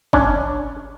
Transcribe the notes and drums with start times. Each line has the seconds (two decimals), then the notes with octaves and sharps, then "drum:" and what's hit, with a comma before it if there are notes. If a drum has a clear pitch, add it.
0.13 C#4 D4, drum: kick